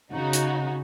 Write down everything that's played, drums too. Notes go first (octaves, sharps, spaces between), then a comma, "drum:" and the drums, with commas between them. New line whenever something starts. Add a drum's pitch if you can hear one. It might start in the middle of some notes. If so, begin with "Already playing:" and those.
C#3 D#4 F#4
drum: hi-hat